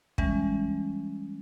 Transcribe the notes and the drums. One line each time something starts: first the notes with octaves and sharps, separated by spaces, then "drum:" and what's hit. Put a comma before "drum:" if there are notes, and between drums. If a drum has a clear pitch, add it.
E3 G3 G#3 C#4, drum: kick